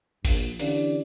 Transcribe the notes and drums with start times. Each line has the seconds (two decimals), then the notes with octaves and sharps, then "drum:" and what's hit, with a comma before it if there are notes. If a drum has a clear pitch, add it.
0.25 A#1, drum: kick G#1, open hi-hat
0.60 D3 E3 C#4 D4 G4 D5, drum: open hi-hat